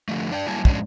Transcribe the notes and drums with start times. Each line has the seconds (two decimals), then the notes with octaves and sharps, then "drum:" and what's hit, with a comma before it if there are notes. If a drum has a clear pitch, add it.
0.09 D3 F3 A3
0.31 D4 D5 F#5 G5
0.47 F#3 G3 A#3 E4 G#5 A5
0.65 A2 F3 G#3 C#4 D4, drum: kick